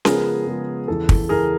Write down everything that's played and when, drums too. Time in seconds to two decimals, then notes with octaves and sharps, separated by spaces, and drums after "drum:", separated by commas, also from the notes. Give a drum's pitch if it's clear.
0.05 C#3 F3 G#3 B3 G#4 A#4, drum: snare C#4
0.46 C#3 F3 G#3 B3
0.88 E2 C#3 E3 A4
1.09 drum: kick
1.29 E2 C#3 E3 G#4 A#4